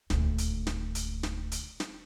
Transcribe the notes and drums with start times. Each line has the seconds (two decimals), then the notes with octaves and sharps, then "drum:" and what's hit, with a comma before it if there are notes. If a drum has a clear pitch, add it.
0.10 D#1 D2, drum: snare
0.38 drum: hi-hat
0.67 drum: snare
0.95 drum: hi-hat
1.23 drum: snare
1.52 drum: hi-hat
1.80 drum: snare